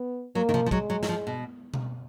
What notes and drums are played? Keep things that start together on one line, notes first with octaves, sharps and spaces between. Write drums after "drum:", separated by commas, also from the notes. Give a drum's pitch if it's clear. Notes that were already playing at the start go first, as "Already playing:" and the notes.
Already playing: B3
F#3 A#3
D#3
F3, drum: tom B2
F3
F#3 G#3, drum: kick
F#3
F#3, drum: snare
F3
B2
drum: tom B2